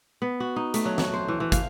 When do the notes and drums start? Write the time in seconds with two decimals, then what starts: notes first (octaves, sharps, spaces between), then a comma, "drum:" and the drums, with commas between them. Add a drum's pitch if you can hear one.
0.22 B3
0.40 F#4
0.56 D#4
0.74 A3, drum: hi-hat
0.85 F#3
0.98 F#4, drum: snare
1.13 C5
1.28 E3
1.40 E3
1.52 F5, drum: kick, hi-hat